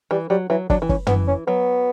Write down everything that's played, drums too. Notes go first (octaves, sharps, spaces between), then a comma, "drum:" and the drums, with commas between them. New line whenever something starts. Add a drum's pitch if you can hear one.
E3 G3
F#3 G3
E3 F#3
F#3 D4, drum: kick
E3
C#4, drum: kick
E3 B3, drum: tom
C#4
F#3 B3